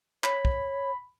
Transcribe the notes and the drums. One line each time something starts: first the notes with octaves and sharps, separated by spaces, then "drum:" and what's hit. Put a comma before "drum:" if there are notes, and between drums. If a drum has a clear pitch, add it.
C#5 B5, drum: clap
drum: kick